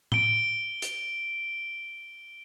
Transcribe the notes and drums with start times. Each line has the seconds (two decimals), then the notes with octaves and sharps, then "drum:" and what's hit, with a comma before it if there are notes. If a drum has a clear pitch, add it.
0.12 D7 G7, drum: tom A2
0.82 drum: hi-hat